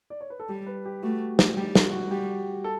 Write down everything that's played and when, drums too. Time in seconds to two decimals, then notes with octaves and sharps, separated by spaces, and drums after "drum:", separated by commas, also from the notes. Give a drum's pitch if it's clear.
0.10 D5
0.21 C#5
0.30 B4
0.40 A4
0.49 G3 G4
0.67 B4
0.85 G4
1.03 A3 F#4
1.39 drum: snare
1.56 G3 G4
1.75 F#4, drum: snare
1.92 F#4
2.10 G3 G4
2.64 A4